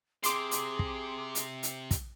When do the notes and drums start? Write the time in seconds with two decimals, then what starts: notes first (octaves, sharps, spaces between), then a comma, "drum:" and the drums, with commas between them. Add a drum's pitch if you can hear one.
0.23 C3 G#4 C6 D6, drum: hi-hat
0.51 drum: hi-hat
0.79 drum: kick
1.35 drum: hi-hat
1.63 drum: hi-hat
1.91 drum: kick, hi-hat